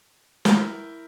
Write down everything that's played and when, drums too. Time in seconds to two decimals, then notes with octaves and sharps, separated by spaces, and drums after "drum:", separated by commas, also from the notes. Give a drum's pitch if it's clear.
0.45 E4 A#4 G6, drum: snare